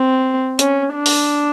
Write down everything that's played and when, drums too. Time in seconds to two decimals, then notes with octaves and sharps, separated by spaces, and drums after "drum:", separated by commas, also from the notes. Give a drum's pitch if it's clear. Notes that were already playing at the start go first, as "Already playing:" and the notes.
Already playing: C4
0.59 C#4, drum: hi-hat
0.95 D4
1.06 drum: open hi-hat